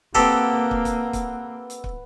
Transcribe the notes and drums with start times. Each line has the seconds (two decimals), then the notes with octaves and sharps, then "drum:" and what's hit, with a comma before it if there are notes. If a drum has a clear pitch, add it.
0.15 A#3 C4 G4 A4 B4 F#5 D#6, drum: kick
0.71 drum: kick
0.85 drum: kick, hi-hat
1.13 drum: kick, hi-hat
1.70 drum: hi-hat
1.84 drum: kick